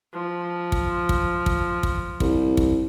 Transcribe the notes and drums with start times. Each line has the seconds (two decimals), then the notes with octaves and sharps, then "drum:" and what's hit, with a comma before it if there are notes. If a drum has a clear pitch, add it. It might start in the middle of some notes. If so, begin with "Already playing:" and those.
0.13 F3
0.72 drum: kick
1.09 drum: kick
1.46 drum: kick
1.83 drum: kick
2.20 C2, drum: kick
2.57 drum: kick